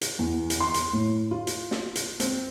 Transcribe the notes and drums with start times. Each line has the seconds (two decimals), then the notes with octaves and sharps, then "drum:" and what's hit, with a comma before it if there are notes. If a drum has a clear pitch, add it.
0.01 drum: hi-hat
0.19 E2
0.50 drum: hi-hat
0.60 C6
0.74 drum: hi-hat
0.93 A2
1.31 F4
1.47 drum: hi-hat
1.71 drum: snare
1.95 drum: hi-hat
2.20 C4, drum: hi-hat